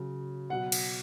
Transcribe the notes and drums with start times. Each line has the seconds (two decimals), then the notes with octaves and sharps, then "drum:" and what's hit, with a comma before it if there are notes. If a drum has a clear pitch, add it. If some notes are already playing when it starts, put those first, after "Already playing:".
Already playing: C#3 F#3
0.50 B2 F#3 F#5
0.72 drum: cymbal